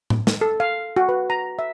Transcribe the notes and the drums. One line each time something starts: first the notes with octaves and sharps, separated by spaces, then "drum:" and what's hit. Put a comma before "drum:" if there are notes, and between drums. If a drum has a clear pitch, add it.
drum: tom A2
drum: snare
A4
F5
F#4
B4
A#5
E5